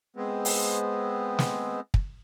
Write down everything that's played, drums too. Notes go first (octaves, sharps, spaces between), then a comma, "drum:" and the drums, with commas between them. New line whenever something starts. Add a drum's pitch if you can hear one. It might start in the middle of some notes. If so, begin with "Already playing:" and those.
G#3 B3 C4
drum: open hi-hat
drum: snare
drum: kick